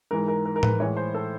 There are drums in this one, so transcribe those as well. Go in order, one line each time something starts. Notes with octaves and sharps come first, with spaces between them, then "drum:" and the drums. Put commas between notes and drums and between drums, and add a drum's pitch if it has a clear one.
G#2 E3 G#3 A#4
A#4
A#4
A#4
B4, drum: tom A2
A2 E3 G#3 C#5
C5
A4